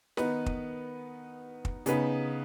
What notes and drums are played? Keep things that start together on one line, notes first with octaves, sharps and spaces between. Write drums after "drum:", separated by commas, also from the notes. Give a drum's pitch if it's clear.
D#3 B3 D#4 B4, drum: snare
drum: kick
drum: kick
C#3 B3 D#4 B4, drum: hi-hat